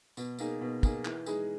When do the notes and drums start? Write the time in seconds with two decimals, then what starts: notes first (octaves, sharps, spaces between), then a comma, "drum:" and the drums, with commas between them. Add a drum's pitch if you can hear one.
0.17 B2, drum: tambourine
0.39 A#3 D#4 G#4, drum: tambourine
0.61 B2
0.83 A#3 D#4 G#4, drum: kick, tambourine
1.05 E3, drum: clap
1.26 G#3 D#4 G#4, drum: tambourine